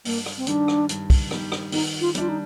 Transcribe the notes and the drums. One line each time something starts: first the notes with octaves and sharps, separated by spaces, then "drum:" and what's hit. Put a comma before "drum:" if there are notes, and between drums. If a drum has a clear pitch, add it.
G2 A#3, drum: open hi-hat
drum: rim click
C4
D#3 G3 D4, drum: hi-hat
drum: rim click
G2, drum: hi-hat
drum: kick, open hi-hat
D#3 G3, drum: rim click
drum: rim click
D#3 D#4, drum: open hi-hat
F4
G3 D4 F4, drum: hi-hat
D#4